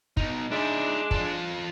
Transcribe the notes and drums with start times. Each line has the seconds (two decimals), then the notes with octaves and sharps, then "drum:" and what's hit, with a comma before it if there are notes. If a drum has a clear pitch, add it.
0.17 B2 D#4, drum: kick
0.51 G#3 D4 D#4 E5
1.11 F4 A4, drum: kick